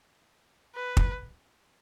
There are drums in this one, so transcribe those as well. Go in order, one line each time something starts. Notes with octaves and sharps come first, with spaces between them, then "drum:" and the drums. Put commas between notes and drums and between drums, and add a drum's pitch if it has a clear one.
B4
drum: kick